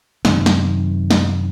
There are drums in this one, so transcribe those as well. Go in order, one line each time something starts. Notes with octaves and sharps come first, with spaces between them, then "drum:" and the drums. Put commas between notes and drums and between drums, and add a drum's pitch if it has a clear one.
F#2 C3 D#3, drum: snare
drum: snare
drum: snare